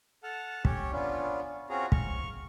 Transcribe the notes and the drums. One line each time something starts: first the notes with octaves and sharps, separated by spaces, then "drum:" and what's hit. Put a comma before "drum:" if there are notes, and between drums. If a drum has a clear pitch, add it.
A4 F#5 A5 F6
C#4 G4 C#5, drum: kick
B3 C#4 D4 F4
C4 C#4 F4 F#4 G#4 A#5
C#6 F6, drum: kick